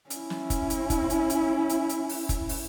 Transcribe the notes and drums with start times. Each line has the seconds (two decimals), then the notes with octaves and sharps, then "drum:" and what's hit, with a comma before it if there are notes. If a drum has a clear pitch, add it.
0.10 C#4 E4, drum: hi-hat
0.30 drum: snare
0.50 drum: kick F#1, hi-hat
0.70 drum: hi-hat
0.90 drum: kick F#1, hi-hat
1.10 drum: hi-hat
1.30 drum: hi-hat
1.69 drum: hi-hat
1.89 drum: hi-hat
2.09 drum: open hi-hat
2.29 drum: kick F#1, hi-hat
2.49 drum: open hi-hat